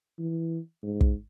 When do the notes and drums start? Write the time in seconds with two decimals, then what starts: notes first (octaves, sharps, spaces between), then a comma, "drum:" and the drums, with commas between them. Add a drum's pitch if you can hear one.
0.19 E3
0.83 G#2
1.01 drum: kick